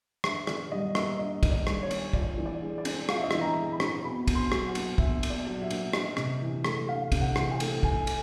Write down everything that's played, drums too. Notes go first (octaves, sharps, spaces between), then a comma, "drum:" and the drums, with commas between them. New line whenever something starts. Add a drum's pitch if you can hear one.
D4 E5, drum: rim click
D#3 D5, drum: rim click
G3 D#5
A#3 E5, drum: rim click
D4 D#5
D#3, drum: kick, cymbal
D5
G3, drum: rim click
C#5
A#3, drum: cymbal
F4 D5, drum: kick
E3
D5
G#3
D5
C4, drum: cymbal
F4 F5, drum: rim click
E5
D#5
E3 E5, drum: rim click
A#5
G#3
B5
C4, drum: rim click
B2 B5
B2, drum: kick, cymbal
C6
F#3, drum: rim click
F#5
A#3, drum: cymbal
B2 E5, drum: kick
B2, drum: cymbal
D5
F#3
E5
A#3, drum: cymbal
D4 D#5, drum: rim click
C3, drum: rim click
E3
A3, drum: rim click
D4 F5
C3, drum: kick, cymbal
F#5
E3, drum: rim click
G5
A3, drum: cymbal
D#4 G#5, drum: kick
drum: cymbal